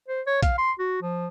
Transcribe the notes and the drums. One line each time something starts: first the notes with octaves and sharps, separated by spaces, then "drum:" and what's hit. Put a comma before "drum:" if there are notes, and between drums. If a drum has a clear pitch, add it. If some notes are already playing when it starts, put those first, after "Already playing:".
C5
C#5
F5, drum: kick A#1, hi-hat
C6
F#4
F3